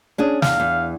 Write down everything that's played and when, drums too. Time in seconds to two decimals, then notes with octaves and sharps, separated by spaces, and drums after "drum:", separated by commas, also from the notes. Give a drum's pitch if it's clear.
0.18 C#4 D4 G#4
0.42 E2 F5, drum: snare
0.60 E2